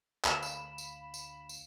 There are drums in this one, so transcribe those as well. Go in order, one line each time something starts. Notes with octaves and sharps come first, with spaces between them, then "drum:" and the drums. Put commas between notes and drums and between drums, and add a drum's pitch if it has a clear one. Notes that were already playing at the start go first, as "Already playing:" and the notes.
D2 F5 B5 E7, drum: clap
drum: tambourine
drum: tambourine
drum: tambourine
drum: tambourine